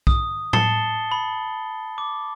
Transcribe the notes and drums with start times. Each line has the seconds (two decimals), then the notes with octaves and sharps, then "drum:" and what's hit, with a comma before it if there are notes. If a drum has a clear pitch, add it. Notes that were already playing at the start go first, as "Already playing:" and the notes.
0.07 D#6, drum: kick
0.53 A5 A6 C7 C#7 G7, drum: tom A2
1.12 B5
1.98 D6